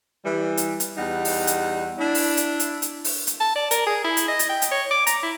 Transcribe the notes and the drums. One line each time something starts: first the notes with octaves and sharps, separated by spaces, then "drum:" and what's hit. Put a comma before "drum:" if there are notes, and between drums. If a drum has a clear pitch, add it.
E3 G3
drum: hi-hat
drum: hi-hat
E2 G3 D#4 F#5
drum: open hi-hat
drum: hi-hat
D4 E4
drum: open hi-hat
drum: hi-hat
drum: hi-hat
drum: hi-hat
drum: open hi-hat
drum: hi-hat
A5
D5
A#4, drum: hi-hat
G#4
E4
drum: hi-hat
D#5
drum: hi-hat
G5
drum: hi-hat
C#5
D6
A#5, drum: hi-hat
E4